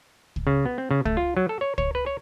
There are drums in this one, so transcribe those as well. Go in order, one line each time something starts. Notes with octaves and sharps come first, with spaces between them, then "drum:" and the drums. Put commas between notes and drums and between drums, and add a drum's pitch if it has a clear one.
drum: kick
C#3
B3
C4
C#3
A3, drum: kick
F4
F#3
A4
C#5
C#5, drum: kick
B4
C#5